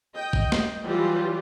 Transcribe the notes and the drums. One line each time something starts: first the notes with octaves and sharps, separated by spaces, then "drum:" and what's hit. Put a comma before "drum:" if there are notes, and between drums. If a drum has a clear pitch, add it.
D#5 G5
drum: kick
drum: snare
E3 F#3 G3 F4 G4